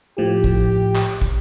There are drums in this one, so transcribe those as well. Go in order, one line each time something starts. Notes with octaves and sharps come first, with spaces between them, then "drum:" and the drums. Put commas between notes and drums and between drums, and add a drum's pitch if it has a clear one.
A2 F3 G4
drum: kick
drum: clap
drum: kick